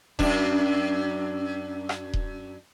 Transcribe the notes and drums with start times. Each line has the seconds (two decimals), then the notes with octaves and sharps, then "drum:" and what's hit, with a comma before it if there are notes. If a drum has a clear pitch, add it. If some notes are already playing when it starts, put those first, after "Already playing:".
0.19 F#2 D4, drum: kick D#1
1.89 drum: rim click
2.13 drum: kick D#1